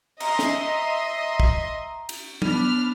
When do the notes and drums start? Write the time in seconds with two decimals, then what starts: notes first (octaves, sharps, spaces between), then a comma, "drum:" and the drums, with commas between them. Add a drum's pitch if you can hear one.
0.20 D#5 E5 A#5 C6, drum: cymbal
0.39 drum: snare
1.40 drum: kick
2.09 drum: cymbal
2.42 B3 D4 B5 F6, drum: tom F#3